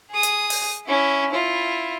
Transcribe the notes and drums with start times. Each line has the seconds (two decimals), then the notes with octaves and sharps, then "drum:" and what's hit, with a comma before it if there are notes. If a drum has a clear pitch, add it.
0.11 G#4 D#6
0.23 drum: hi-hat
0.50 drum: open hi-hat
0.87 C#4 E4
1.31 E4 F4